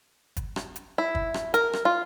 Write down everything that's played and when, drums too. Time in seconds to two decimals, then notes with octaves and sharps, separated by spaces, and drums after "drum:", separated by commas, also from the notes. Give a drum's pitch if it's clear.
0.37 drum: kick, hi-hat
0.56 drum: rim click
0.76 drum: hi-hat
0.98 E4
1.15 drum: kick
1.34 drum: rim click
1.54 A#4, drum: hi-hat
1.73 drum: rim click
1.85 F4